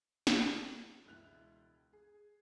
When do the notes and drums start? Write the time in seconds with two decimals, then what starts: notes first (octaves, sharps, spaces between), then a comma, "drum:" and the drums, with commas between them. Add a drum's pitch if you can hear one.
0.27 drum: snare
1.05 E1 C#2 E4 F#6 F7
1.93 G#4